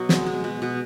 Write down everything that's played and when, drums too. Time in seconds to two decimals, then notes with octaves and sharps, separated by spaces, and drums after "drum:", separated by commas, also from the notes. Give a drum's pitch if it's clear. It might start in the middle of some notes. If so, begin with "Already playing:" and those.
Already playing: B2 F#3
0.09 G#3, drum: snare
0.26 G#3
0.44 B2
0.62 B2